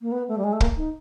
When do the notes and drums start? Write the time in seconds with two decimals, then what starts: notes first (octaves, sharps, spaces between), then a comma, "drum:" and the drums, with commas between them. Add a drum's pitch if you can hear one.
0.01 A#3
0.11 B3
0.28 A3
0.38 G3
0.44 G#3
0.52 A3
0.60 A#3, drum: kick
0.77 D#4